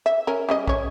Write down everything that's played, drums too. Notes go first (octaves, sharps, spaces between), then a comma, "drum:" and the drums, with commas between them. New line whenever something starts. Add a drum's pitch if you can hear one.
E5
C#4 A#4
G3 C#4 D#5
C#4 C#5, drum: kick